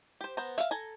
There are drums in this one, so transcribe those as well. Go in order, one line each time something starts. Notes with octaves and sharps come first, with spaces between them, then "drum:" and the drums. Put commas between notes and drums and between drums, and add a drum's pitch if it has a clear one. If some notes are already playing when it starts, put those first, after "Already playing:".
G4 C5
B3 C5 A#5
E5 F5, drum: hi-hat
A4 G#5 A#5